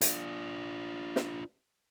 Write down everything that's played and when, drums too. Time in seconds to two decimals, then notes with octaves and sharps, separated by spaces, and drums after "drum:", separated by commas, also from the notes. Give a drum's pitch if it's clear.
0.01 D4 F4, drum: hi-hat
1.16 drum: snare